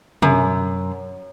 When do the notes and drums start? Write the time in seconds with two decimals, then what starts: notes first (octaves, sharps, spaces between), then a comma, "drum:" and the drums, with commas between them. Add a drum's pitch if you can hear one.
0.22 F#2, drum: tom